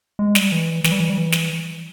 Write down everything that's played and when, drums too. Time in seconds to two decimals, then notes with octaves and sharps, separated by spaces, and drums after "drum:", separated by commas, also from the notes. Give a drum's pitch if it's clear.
0.19 G#3
0.35 G3, drum: snare
0.52 E3
0.84 E3, drum: snare
0.92 G3
1.00 E3
1.10 G3
1.18 E3
1.32 drum: snare